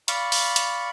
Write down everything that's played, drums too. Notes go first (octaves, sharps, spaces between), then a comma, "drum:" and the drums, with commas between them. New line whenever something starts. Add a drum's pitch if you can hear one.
D5 F5 B5 C#6, drum: hi-hat
drum: open hi-hat
drum: hi-hat